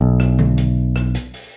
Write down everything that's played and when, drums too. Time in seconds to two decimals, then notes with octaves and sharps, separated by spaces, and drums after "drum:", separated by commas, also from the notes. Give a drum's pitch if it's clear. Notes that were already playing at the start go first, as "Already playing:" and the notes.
0.01 B1
0.20 drum: rim click
0.39 drum: tom D3
0.58 drum: hi-hat
0.96 drum: rim click
1.15 drum: hi-hat
1.34 drum: open hi-hat